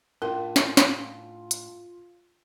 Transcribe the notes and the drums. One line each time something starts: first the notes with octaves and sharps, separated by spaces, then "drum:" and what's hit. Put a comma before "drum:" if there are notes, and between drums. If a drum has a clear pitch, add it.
A2 C#4 D4 F4 A#4 A5
E5 G#5, drum: snare
drum: snare
drum: hi-hat